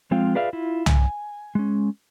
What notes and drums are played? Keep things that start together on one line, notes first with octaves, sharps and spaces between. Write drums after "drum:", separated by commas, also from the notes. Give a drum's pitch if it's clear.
F3 G#3 C4 F4 F5 G5
F4 G#4 B4 D5 E5 F5
E4 F4
G#5, drum: tom C2
G#3 C#4